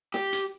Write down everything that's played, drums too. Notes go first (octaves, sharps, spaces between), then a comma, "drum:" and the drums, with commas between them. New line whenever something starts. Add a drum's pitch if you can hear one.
G4, drum: snare
drum: hi-hat